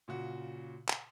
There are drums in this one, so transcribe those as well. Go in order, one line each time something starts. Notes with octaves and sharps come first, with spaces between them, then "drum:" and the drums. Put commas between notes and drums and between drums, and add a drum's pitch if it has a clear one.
A#2 C#3 F#4
drum: clap